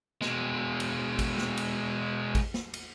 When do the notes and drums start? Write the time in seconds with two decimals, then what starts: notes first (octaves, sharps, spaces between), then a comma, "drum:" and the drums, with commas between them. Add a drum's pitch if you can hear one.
0.22 B2 G#3, drum: snare
0.80 drum: cymbal
1.19 drum: kick A1, cymbal
1.38 drum: snare
1.57 drum: cymbal
2.35 drum: kick A1, cymbal
2.54 drum: snare
2.74 drum: cymbal